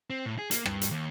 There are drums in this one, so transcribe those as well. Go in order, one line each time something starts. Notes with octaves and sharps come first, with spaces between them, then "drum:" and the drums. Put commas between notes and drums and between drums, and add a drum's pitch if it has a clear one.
C4
A2
G#4
A#3, drum: hi-hat
G2, drum: rim click
drum: hi-hat
D#2